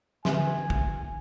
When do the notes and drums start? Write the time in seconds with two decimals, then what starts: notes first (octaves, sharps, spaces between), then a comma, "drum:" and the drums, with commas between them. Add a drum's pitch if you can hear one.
0.25 D3 E5 G#5, drum: snare
0.70 drum: kick A1